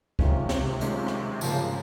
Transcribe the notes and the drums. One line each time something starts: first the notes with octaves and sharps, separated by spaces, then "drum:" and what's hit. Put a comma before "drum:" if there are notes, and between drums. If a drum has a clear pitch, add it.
C3 D#3 G#3 C#4 F4, drum: kick C2
drum: snare
D#3 G#3 C#4 F4, drum: hi-hat
drum: rim click
G#2 C#3 F3 A#3, drum: tambourine